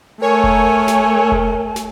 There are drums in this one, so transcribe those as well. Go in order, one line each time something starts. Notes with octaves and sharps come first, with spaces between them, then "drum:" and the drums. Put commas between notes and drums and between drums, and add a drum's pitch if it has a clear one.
A3 A#4 C#5 G#5
drum: kick F1
drum: snare
drum: kick F1
drum: snare